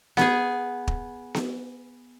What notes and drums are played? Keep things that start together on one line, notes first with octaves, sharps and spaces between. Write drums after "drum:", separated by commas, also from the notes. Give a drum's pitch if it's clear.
B3 G#4, drum: snare B3
drum: kick
drum: snare B3